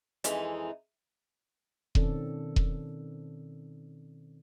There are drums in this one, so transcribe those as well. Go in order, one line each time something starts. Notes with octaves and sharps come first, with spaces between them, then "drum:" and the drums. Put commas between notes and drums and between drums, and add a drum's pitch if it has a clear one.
F2 E3 G#3 D#4, drum: hi-hat
B2 D#3 C4 C#4 A4 D5, drum: kick E1
drum: kick E1